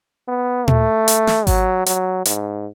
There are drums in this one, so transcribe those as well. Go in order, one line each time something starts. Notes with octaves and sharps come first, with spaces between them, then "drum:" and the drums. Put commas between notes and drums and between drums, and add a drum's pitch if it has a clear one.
B3
A3, drum: tom A#2
drum: hi-hat
drum: snare
F#3, drum: kick G#1, open hi-hat
F#3, drum: hi-hat
G#2, drum: hi-hat